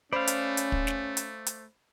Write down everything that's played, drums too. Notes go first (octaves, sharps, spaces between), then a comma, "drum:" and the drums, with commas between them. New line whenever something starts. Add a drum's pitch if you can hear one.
A3 C#4 C5 D5 F5 B5
drum: hi-hat
drum: hi-hat
drum: kick
drum: snare
drum: hi-hat
drum: hi-hat